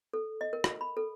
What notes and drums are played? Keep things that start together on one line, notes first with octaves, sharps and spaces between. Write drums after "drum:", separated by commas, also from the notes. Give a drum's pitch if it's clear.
A4
D#5
A#4
drum: rim click
B5
A4